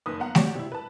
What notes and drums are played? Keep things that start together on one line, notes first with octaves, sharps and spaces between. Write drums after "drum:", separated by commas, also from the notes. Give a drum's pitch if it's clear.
F#1 D#3 B4 D#6
B3 F5 F#5 A#5
F#4 G4 C#5 D5, drum: snare A3
C3 E4
B4 A5